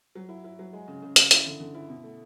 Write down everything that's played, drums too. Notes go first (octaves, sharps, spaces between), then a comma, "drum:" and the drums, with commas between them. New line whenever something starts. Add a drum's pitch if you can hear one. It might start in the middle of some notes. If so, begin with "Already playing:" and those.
F#3
E4
E4
F#3
G#3
C#3
C#3
C#3, drum: hi-hat
E4, drum: hi-hat
D3
D3
E4
B2
A3